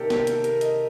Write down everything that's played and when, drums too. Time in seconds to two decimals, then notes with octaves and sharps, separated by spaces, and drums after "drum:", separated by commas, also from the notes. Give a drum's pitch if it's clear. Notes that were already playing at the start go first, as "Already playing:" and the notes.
Already playing: C3 D#3 A#3 G4 A4 A#4 D5
0.10 G4, drum: snare
0.27 A4, drum: hi-hat
0.44 A#4, drum: hi-hat
0.61 D#5, drum: hi-hat